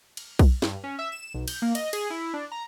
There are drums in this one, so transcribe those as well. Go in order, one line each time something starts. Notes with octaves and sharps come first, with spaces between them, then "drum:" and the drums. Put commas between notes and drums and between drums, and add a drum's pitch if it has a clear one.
drum: cymbal
drum: kick B1, cymbal
G2, drum: snare
C#4
E5
E7
B1
G6, drum: cymbal
A#3
D#5, drum: cymbal
G#4, drum: cymbal
E4
D4
A#5